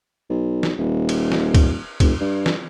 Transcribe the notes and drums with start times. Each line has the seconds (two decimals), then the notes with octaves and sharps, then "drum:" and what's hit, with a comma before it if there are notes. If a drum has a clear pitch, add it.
0.30 B1
0.63 drum: snare
0.78 D#1
1.09 drum: cymbal
1.32 drum: snare
1.55 drum: kick, cymbal
2.00 F1, drum: kick, cymbal
2.21 G2
2.46 drum: snare